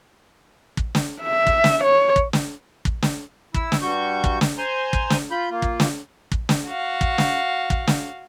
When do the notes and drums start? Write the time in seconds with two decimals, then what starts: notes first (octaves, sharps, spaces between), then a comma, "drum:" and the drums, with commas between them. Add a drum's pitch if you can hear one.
0.77 drum: kick
0.95 drum: snare
1.22 E5
1.47 drum: kick
1.64 drum: snare
1.84 C#5
2.16 drum: kick
2.33 drum: snare
2.85 drum: kick
3.02 drum: snare
3.54 E4 E6, drum: kick
3.72 drum: snare
3.82 G2 G3 F#4 C#6 G6
4.24 drum: kick
4.41 drum: snare
4.58 C5 G#5 A#5 C6
4.93 drum: kick
5.10 drum: snare
5.31 F4 B5 G6
5.51 A#3 F4
5.62 drum: kick
5.80 drum: snare
6.32 drum: kick
6.49 drum: snare
6.66 F#4 F5
7.01 drum: kick
7.18 drum: snare
7.70 drum: kick
7.87 drum: snare